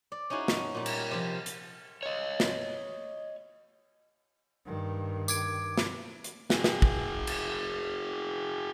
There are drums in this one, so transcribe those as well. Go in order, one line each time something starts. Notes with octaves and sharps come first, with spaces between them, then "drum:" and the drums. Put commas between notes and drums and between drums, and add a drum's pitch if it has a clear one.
D5
C#4 D#4 E4 F#4 G#4
D#4 D#5 A5, drum: snare
A#2 G3
drum: cymbal
C3 F3
drum: hi-hat
C#5 D#5
drum: snare
G2 D#3
D6 G#6 D7, drum: tambourine
drum: snare
drum: hi-hat
F#4 G#4, drum: snare
drum: snare
drum: kick
drum: cymbal